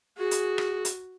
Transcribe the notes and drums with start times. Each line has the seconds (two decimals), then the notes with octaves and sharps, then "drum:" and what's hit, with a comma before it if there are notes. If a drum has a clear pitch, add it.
0.18 F#4 G#4
0.31 drum: hi-hat
0.58 drum: rim click
0.85 drum: hi-hat